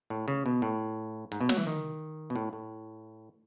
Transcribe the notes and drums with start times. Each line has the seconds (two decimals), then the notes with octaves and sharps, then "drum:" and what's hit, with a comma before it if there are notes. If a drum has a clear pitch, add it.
0.10 A2
0.28 C#3
0.46 B2
0.62 A2
1.32 G#2, drum: hi-hat
1.41 B2
1.49 F#3, drum: snare
1.58 E3
1.67 D#3
2.30 B2
2.35 A2
2.53 A2